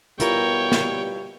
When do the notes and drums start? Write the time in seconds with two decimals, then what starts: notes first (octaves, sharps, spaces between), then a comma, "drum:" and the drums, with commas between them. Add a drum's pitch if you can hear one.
0.20 B2 G3 E4 F4 A#4 C#5 G5, drum: hi-hat
0.72 drum: snare